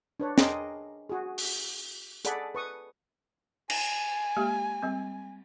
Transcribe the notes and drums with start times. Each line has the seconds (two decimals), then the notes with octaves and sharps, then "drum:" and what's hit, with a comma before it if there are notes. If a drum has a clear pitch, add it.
0.20 D4 B4 C#5
0.38 D4 G#4 A#4 D#5 G5 C6, drum: snare
1.09 F#4 G#4
1.38 drum: open hi-hat
2.25 G#4 A4 D5 F#5 B5, drum: hi-hat
2.55 B4 C#6 D#6
3.70 G#5, drum: cymbal
4.37 G#3 A#3 G4
4.83 G3 C4